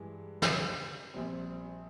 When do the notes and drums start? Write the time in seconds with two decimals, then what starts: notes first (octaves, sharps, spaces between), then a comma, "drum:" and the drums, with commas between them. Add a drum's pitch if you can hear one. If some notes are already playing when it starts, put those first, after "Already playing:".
Already playing: G2 E3 G#3
0.42 drum: snare
1.14 A#1 A#2 G3 C4